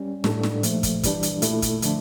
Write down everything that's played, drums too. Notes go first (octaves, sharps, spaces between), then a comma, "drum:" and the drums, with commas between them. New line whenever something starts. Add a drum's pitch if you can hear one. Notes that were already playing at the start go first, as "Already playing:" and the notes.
Already playing: G3 C#4
A2 G3 D4 A4, drum: snare
drum: snare
A#2 F3 A3, drum: hi-hat
drum: kick, hi-hat
E3 G3 D4, drum: kick, hi-hat
drum: hi-hat
A#2 A3 E4 A4, drum: hi-hat
drum: kick, hi-hat
D3 F3 A3 D4, drum: hi-hat